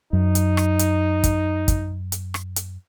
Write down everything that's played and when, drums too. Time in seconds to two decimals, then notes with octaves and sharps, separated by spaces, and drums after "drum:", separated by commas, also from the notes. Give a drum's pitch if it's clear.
0.13 F#2 D#4
0.35 drum: hi-hat
0.57 drum: rim click
0.79 drum: hi-hat
1.24 drum: kick, hi-hat
1.68 drum: kick, hi-hat
2.12 drum: hi-hat
2.34 drum: rim click
2.56 drum: hi-hat